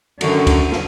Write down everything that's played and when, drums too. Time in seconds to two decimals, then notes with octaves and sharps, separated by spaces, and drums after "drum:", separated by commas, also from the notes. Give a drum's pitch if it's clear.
0.21 F#2 D3 D#3 F#3 A3, drum: cymbal
0.47 drum: kick, cymbal
0.72 drum: snare